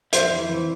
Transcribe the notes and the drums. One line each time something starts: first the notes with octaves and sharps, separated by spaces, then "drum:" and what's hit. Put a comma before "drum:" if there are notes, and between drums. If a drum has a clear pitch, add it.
F2 C5 E5, drum: hi-hat
E3
E3